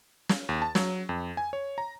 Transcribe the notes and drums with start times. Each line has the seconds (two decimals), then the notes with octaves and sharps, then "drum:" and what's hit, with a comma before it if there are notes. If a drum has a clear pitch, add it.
0.29 drum: snare
0.49 D#2
0.62 A5
0.75 F#3, drum: snare
1.09 F2
1.37 G#5
1.53 C#5
1.78 A#5